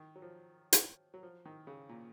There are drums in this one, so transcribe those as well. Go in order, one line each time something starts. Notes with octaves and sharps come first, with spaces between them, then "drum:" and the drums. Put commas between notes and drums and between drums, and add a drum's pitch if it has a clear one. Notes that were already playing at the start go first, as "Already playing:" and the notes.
Already playing: D#3
F#3
F3
drum: hi-hat
F#3
F3
D#3
C#3
A#2